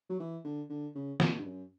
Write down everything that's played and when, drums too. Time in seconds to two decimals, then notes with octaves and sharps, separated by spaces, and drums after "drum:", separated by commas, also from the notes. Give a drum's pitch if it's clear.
0.10 F#3
0.20 E3
0.44 D3
0.70 D3
0.95 C#3
1.20 A#2, drum: snare
1.38 G2
1.45 F#2